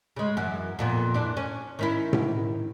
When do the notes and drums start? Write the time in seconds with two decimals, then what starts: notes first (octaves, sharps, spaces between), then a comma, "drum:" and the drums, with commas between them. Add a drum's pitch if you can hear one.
0.16 C#3 G#3
0.37 F#2 E3
0.79 F2 A#2 B3
1.14 E3 D4
1.37 C#4
1.79 D#3 C#4 E4
2.13 drum: tom A2